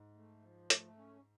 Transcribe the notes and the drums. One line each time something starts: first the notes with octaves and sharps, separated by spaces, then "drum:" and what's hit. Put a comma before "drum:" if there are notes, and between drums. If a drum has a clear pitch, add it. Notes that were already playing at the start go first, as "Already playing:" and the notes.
Already playing: G#2
A3
F3
A3, drum: hi-hat
C#4